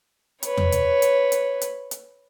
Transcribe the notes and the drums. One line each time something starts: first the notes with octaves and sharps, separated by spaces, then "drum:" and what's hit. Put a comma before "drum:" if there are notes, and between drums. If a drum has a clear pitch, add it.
B4 C#5, drum: hi-hat
drum: tom E2
drum: hi-hat
drum: hi-hat
drum: hi-hat
drum: hi-hat
drum: hi-hat